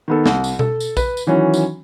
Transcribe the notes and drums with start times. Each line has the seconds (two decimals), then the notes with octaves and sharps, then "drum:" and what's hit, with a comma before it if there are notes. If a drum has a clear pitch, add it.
0.08 D#3 B3 A4
0.26 C2, drum: snare
0.44 drum: tambourine
0.59 A4, drum: tom B2
0.80 drum: tambourine
0.97 B4, drum: kick A#1, tambourine
1.17 drum: tambourine
1.27 D#3 E3 F#3 C#4
1.54 drum: tambourine